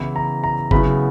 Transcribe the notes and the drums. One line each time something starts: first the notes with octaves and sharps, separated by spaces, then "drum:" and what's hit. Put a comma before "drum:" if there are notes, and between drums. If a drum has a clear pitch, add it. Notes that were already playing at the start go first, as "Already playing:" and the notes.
Already playing: C#3 E3 B3 E4
A#5
A#5
C#3 F#3 B3 E4 B5, drum: kick G1